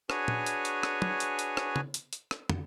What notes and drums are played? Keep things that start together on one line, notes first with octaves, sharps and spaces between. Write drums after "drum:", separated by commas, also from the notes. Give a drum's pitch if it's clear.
D4 F#4 G#4 B4 C#5 G#5, drum: rim click
drum: tom A#2
drum: hi-hat
drum: hi-hat
drum: rim click
drum: tom
drum: hi-hat
drum: hi-hat
drum: rim click
drum: tom
drum: hi-hat
drum: hi-hat
drum: rim click
drum: tom